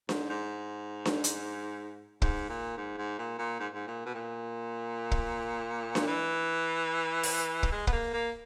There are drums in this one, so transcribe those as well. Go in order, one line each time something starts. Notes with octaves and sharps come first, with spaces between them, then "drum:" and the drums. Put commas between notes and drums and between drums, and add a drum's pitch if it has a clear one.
G#2, drum: snare D4
G#2
drum: snare D4
drum: hi-hat
G#2, drum: kick
A#2
G#2
G#2
A#2
A#2
G#2
G#2
A#2
B2
A#2
drum: kick
drum: snare D4
E3
drum: open hi-hat
drum: kick
G#3
B3, drum: kick
A#3
A#3